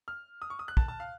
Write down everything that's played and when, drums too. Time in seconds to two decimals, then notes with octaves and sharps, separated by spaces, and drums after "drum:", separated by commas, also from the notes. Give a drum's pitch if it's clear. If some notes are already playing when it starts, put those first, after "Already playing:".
0.08 F6
0.42 D#6
0.50 C#6
0.59 D#6
0.68 F#6
0.77 A5, drum: kick
0.88 A5
1.00 F5